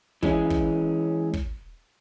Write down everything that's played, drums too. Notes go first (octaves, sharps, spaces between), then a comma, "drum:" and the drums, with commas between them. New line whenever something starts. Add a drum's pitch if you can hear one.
E3 G#3 C#4, drum: kick
drum: kick
drum: kick